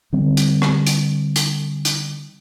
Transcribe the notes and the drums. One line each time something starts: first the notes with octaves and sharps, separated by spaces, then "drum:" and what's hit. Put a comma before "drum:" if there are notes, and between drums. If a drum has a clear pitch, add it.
D3 G3 C4
drum: hi-hat
drum: rim click
drum: hi-hat
drum: hi-hat
drum: hi-hat